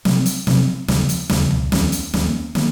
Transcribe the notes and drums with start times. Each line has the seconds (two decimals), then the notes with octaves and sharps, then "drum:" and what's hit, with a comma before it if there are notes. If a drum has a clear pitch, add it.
0.05 C3 F#3 C4, drum: snare
0.26 drum: hi-hat
0.47 C3 F#3 C4, drum: snare
0.88 D#2 C#3 F3, drum: snare
1.09 drum: hi-hat
1.29 D#2 C#3 F3, drum: snare
1.51 drum: tom C#2
1.72 D#2 D#3 A#3 C#4, drum: snare
1.92 drum: hi-hat
2.14 D#2 D#3 A#3 C#4, drum: snare
2.55 D#3 A#3, drum: snare